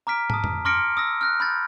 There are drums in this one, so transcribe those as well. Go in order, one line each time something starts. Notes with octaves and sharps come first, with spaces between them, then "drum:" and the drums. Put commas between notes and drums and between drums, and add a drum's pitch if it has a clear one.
A#5 D6 F6 B6 D7
A5 D#6, drum: tom
drum: tom
C6 D6 F6 A#6 C#7 D7
D#6 E6 A#6
F6 F#6 A#6
B5 G6 A6